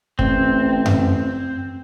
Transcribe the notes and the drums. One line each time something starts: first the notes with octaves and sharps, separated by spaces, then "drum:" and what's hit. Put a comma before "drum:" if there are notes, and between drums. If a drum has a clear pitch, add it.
A1 C4, drum: kick
drum: tom F#2